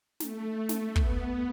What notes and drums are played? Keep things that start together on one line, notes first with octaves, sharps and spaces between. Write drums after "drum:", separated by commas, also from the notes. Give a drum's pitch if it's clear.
A3, drum: snare
drum: snare
B3, drum: kick